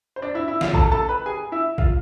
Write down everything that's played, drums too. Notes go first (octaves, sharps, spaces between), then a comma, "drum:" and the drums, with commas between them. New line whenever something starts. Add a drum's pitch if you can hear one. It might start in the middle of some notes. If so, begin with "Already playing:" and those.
C5
D4 D5
E4 E5
E4 E5
F4 F5, drum: snare
A4 A5, drum: kick
A4 A5
B4 B5
G#4 G#5
E4 E5
F4 F5, drum: kick